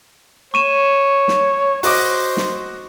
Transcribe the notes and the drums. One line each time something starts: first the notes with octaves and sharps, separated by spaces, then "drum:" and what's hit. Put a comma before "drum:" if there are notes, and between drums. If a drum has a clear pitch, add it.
C#5 C#6 D#7 E7
drum: snare
F#4 C5 D#5 D6, drum: open hi-hat
drum: snare